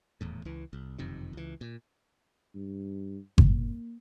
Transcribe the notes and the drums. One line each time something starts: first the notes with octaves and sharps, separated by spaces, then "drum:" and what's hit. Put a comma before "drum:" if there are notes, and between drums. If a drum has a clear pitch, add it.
D#1 E2 A2
C#2 E3
C2
F#1 F2 C3 D#3
C#2 E3
A#2
G2
A#3, drum: kick G1